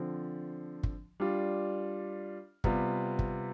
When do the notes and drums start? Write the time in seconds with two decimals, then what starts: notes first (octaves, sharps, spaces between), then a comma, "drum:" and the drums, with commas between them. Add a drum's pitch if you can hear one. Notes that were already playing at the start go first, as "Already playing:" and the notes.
Already playing: D3 F3 C4
0.83 drum: kick
1.20 G3 D4 F4
2.64 C3 G3 B3 F4, drum: kick
3.19 drum: kick